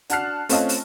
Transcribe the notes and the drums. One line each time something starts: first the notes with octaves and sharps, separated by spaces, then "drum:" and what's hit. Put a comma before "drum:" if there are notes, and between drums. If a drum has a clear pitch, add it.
D4 F#4 A5 F6 F#6 C7, drum: hi-hat
A3 C4 C#4 F4 D#5 A5, drum: open hi-hat
drum: open hi-hat